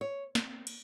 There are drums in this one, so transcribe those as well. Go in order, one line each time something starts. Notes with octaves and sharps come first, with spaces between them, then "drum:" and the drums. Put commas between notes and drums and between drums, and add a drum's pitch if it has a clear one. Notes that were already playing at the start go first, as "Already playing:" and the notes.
C#5
C4, drum: snare
drum: cymbal